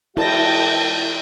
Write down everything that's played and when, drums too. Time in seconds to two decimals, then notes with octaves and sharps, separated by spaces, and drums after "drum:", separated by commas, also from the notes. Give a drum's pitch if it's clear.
0.17 G#3 E4 F#4 E5 G5 A5 G6 A#6, drum: cymbal